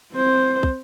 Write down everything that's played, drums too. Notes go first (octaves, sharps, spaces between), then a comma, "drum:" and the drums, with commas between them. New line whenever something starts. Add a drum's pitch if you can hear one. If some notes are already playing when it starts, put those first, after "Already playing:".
C4 C5
drum: kick